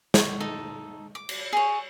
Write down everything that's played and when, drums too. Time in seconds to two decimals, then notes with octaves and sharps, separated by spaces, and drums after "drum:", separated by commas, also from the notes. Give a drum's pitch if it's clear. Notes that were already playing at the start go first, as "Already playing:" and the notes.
0.14 C#5, drum: snare
0.40 D#4 A4
1.15 D6
1.29 drum: cymbal
1.53 G#4 C#5